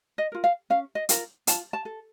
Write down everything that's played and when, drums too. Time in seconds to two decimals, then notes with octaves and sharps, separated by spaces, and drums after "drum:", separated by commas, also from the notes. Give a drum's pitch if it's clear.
0.18 D#5
0.32 F4 A#4
0.44 F5
0.70 C#4 F5
0.95 D#5
1.09 F4 A#4, drum: hi-hat
1.47 F4 A5, drum: hi-hat
1.73 A5
1.85 A4